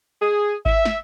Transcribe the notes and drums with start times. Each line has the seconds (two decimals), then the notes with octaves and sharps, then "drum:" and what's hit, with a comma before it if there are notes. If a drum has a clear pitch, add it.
0.22 G#4
0.65 E5, drum: kick G#1
0.85 drum: snare